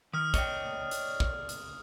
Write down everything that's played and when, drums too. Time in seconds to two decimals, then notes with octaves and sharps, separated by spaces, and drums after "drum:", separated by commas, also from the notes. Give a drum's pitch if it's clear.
0.13 D#3 D#6 F6
0.34 A#3 D4 C#5 D#5 G5, drum: kick, hi-hat
0.91 drum: hi-hat
1.20 drum: kick
1.49 drum: hi-hat